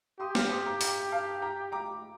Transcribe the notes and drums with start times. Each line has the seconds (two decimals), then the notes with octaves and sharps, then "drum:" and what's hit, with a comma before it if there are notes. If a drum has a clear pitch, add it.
0.20 G4 C6 D#6
0.35 D6 F6, drum: snare
0.50 C6 D#6
0.66 A#5 D6
0.81 G5 A#5, drum: open hi-hat
1.12 F5 A5
1.42 G5 A#5
1.72 A#5 D6